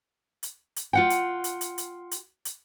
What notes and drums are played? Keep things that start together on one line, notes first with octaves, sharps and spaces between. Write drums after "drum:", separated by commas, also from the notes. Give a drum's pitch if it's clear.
drum: hi-hat
drum: hi-hat
F4 F#5 G5
drum: hi-hat
drum: hi-hat
drum: hi-hat
drum: hi-hat
drum: hi-hat
drum: hi-hat